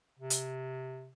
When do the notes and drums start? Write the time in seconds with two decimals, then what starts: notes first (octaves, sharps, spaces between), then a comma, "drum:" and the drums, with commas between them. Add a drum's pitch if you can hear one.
0.19 C3
0.30 drum: hi-hat